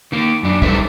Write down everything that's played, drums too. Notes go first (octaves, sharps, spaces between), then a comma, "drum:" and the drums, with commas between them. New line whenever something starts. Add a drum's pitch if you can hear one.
D#3 A#3
F#2 D4
G3 D#4 A4 B4 C5 E5, drum: kick